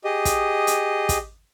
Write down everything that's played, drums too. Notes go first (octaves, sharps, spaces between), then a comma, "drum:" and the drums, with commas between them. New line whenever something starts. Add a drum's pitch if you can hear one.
G4 G#4 D#5
drum: kick, hi-hat
drum: hi-hat
drum: kick, hi-hat